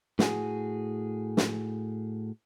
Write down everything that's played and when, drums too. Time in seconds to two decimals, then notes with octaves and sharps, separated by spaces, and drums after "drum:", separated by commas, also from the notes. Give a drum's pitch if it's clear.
0.19 A2 F#4 G#4, drum: snare
1.37 drum: snare